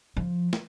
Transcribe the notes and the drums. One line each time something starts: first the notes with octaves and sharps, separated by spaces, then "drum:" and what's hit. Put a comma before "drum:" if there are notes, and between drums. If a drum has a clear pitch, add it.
F3
drum: snare